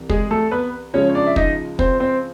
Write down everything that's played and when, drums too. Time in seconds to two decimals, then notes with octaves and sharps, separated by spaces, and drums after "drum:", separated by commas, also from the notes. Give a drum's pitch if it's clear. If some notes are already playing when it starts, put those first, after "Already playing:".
Already playing: C2 C3 E3
0.09 G#3 G#4, drum: kick
0.31 A3 A4
0.51 B3 B4
0.94 C#2 C#3 F3 G#3 C#4 C#5
1.09 C#5
1.15 D4 D5
1.27 E5
1.36 D#4 D#5, drum: kick
1.79 C4 C5, drum: kick
2.00 C4 C5